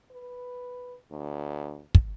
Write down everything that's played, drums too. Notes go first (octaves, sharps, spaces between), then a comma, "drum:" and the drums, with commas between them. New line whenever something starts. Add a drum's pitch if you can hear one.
B4
D2
drum: kick